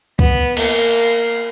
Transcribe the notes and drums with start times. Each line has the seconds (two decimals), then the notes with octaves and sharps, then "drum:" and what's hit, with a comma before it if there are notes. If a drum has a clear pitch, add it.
0.19 B3, drum: kick C#2
0.57 A#3, drum: cymbal